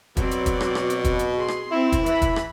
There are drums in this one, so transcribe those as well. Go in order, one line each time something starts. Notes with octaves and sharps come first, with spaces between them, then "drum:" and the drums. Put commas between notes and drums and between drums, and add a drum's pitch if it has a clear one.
B2 F#3 C4 D5, drum: kick, hi-hat
drum: hi-hat
drum: kick, hi-hat
drum: rim click
drum: rim click
drum: hi-hat
drum: kick, hi-hat
drum: hi-hat
G#4 C6
drum: rim click
C4 E4
drum: kick, hi-hat
E3 B5, drum: hi-hat
drum: kick, hi-hat
drum: rim click